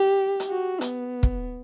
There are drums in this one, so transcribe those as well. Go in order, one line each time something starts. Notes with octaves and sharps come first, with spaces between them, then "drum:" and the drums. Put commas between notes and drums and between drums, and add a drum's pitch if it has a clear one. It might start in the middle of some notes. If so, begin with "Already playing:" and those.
Already playing: G4
drum: hi-hat
F#4
B3, drum: hi-hat
drum: kick